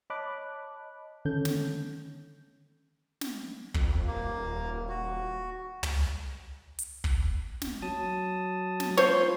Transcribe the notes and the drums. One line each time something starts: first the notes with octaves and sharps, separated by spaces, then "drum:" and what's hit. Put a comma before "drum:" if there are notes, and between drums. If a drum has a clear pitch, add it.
C#5 D#5 A5 B5 D6 F#6
D3 D#3 C#4 A4 G6
drum: snare
drum: snare
F2, drum: kick
D#1 A#3
F#4
drum: tom
drum: hi-hat
drum: kick
drum: snare
F#3 A5 D#6
drum: snare
F4 C5 C#5 C6, drum: snare